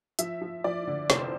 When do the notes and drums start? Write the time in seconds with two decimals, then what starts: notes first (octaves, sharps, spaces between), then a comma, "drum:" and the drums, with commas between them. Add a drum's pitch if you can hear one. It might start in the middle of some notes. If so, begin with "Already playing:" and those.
0.19 F3 E5, drum: hi-hat
0.41 F3
0.64 F3 D5
0.87 D3
1.10 F1 C5, drum: snare